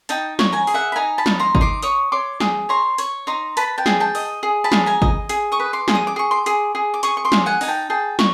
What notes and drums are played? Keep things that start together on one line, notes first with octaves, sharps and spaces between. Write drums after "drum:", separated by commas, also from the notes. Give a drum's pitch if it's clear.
D#4 G5 A5, drum: hi-hat
C#5, drum: snare
G#5 A#5
G#4, drum: open hi-hat
E5 F#5
B5
D#4 G#5 A#5
A5 B5
D#4, drum: snare
A#5 C6
D#4, drum: kick G#1
C6 D6
C#5 C#6 D#6, drum: hi-hat
C#5 C6 D6
G#4, drum: snare
C#5 A#5 C6
C#5, drum: hi-hat
D#4 A#5 C6
B4 A5 B5, drum: hi-hat
G5 A5
G#4, drum: snare
G5 A5
D#5, drum: open hi-hat
G#4
A5 B5
G#4, drum: snare
G#5 A#5
D#5, drum: kick G#1
G#4, drum: hi-hat
C#6 D#6
B4
C6 D6
G#4, drum: snare
D#6
D6
G#4 C#6
C6 D6
G#4, drum: hi-hat
G#4
D6
G#4 C#6 D#6, drum: hi-hat
C#6
C6 D6
G#4, drum: snare
F#5 G#5
D#4 G#5, drum: open hi-hat
G5 A5
G#4 G5 A5
C#6, drum: snare